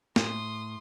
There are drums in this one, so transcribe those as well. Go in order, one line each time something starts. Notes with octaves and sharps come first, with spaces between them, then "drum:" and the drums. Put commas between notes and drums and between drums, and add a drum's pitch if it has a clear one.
A2 C6 D#6, drum: snare